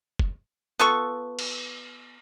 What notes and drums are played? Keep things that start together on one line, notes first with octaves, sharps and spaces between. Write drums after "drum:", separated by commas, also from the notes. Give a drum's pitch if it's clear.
drum: kick
B3 F4 A4 C#6
drum: cymbal